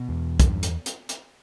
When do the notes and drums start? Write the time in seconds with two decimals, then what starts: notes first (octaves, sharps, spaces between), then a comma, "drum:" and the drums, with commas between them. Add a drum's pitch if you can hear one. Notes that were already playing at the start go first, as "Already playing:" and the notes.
Already playing: B2 B3
0.09 E2
0.40 G2, drum: kick, hi-hat
0.63 drum: hi-hat
0.86 drum: hi-hat
1.09 drum: hi-hat